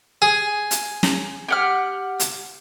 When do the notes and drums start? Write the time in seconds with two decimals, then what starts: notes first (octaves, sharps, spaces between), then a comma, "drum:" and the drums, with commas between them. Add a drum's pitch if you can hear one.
0.22 G#4
0.71 drum: hi-hat
1.03 drum: snare
1.48 G4 F#5 F6
2.20 drum: hi-hat